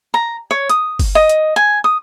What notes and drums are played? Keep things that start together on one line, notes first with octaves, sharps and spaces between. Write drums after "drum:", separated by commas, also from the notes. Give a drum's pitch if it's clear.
A#5
C#5
D#6, drum: hi-hat
drum: kick F#1, open hi-hat
D#5
drum: hi-hat
G#5
D#6